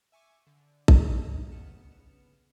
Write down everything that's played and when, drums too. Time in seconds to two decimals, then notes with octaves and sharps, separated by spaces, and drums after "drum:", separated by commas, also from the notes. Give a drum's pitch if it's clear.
0.12 E5 G#5 C#6 D6
0.47 D3
0.88 drum: kick A#1
1.52 G1 C#3 B3 F6 C#7 E7